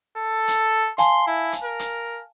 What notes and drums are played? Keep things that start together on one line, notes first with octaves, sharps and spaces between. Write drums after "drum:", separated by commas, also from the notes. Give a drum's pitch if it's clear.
A4
drum: hi-hat
F5 G#5 A5 C6, drum: hi-hat
E4
drum: hi-hat
A#4
drum: hi-hat